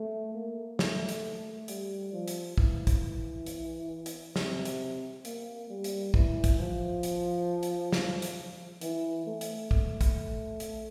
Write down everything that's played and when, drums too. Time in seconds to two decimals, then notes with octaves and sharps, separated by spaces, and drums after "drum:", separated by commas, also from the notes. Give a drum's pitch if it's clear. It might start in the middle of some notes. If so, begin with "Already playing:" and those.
Already playing: A3
0.34 A#3
0.79 A3, drum: snare
1.09 drum: hi-hat
1.68 G3, drum: hi-hat
2.13 F3
2.28 drum: hi-hat
2.58 E3, drum: kick
2.87 drum: kick, hi-hat
3.46 drum: hi-hat
4.06 drum: hi-hat
4.36 C3, drum: snare
4.65 drum: hi-hat
5.25 A#3, drum: hi-hat
5.70 G3
5.84 drum: hi-hat
6.14 E3, drum: kick
6.44 drum: kick, hi-hat
6.59 F3
7.03 drum: hi-hat
7.63 drum: hi-hat
7.92 drum: snare
8.22 drum: hi-hat
8.81 E3, drum: hi-hat
9.26 A3
9.41 drum: hi-hat
9.71 A3, drum: kick
10.01 drum: kick, hi-hat
10.60 drum: hi-hat